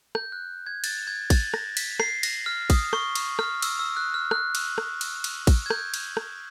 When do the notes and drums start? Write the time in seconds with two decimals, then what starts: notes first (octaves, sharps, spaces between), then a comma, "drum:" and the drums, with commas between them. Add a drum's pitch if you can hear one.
0.15 G6, drum: rim click
0.32 F#6
0.66 G#6
0.84 A6, drum: cymbal
1.07 G#6
1.30 A6, drum: kick, cymbal
1.54 A#6, drum: rim click
1.77 B6, drum: cymbal
2.00 C7, drum: rim click
2.23 A#6, drum: cymbal
2.46 F6
2.70 D#6, drum: kick, cymbal
2.93 C#6, drum: rim click
3.15 C#6, drum: cymbal
3.39 F6, drum: rim click
3.62 E6, drum: cymbal
3.79 E6
3.97 F#6
4.14 F6
4.31 F#6, drum: rim click
4.55 drum: cymbal
4.78 drum: rim click
5.01 drum: cymbal
5.24 drum: cymbal
5.47 drum: kick, cymbal
5.66 G#6
5.70 G6, drum: rim click
5.94 drum: cymbal
6.17 drum: rim click